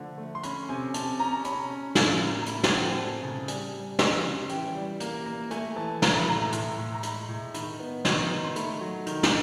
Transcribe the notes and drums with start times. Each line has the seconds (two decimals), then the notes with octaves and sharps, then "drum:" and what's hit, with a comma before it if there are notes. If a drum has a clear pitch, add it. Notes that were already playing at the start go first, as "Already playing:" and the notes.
Already playing: D3 F3 A3
0.18 A3
0.35 C6
0.43 C#4 B5, drum: hi-hat
0.69 C3 G#5
0.94 C3 A5, drum: hi-hat
1.19 C#4 A#5
1.45 C#4 B5, drum: hi-hat
1.70 C#4
1.95 A2, drum: snare
2.21 A#3
2.42 A#5
2.46 A3 B5, drum: hi-hat
2.63 F#5, drum: snare
2.72 C4 G5
2.86 G#5
2.97 C4 A5
3.23 C#3 A5
3.48 G3 G#5, drum: hi-hat
3.73 G3
3.99 C#4, drum: snare
4.24 C#4
4.49 E3 G5, drum: hi-hat
4.75 G3
5.00 A#3, drum: hi-hat
5.26 A#3
5.51 A3 G#5, drum: hi-hat
5.76 E3 A5
6.02 A3 A#5, drum: snare
6.15 B5
6.27 A2 A#5
6.52 A2 C6, drum: hi-hat
6.78 A2
6.94 A#5
7.03 G#3 B5, drum: hi-hat
7.29 A2
7.54 D#3 B5, drum: hi-hat
7.79 B3
8.05 D#3, drum: snare
8.30 D#3
8.44 C6
8.56 A3 B5, drum: hi-hat
8.81 F#3
9.06 D#3, drum: hi-hat
9.23 drum: snare